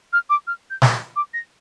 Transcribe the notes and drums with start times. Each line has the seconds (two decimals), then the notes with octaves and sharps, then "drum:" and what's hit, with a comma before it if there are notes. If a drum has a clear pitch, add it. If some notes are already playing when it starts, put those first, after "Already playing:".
0.13 F6
0.30 D6
0.47 F6
0.70 G6
0.82 drum: snare
1.16 D6
1.34 A#6